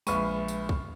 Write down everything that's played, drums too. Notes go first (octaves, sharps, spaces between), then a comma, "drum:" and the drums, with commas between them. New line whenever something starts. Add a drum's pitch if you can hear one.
A#1 G#3 B4 E5 F5 B5 C#6 D#7, drum: tambourine
drum: tambourine
drum: kick B1